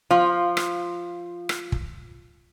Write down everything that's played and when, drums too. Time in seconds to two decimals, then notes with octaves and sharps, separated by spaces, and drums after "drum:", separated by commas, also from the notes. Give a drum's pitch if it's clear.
0.11 F3 F4
0.57 drum: rim click
1.49 drum: rim click
1.72 drum: kick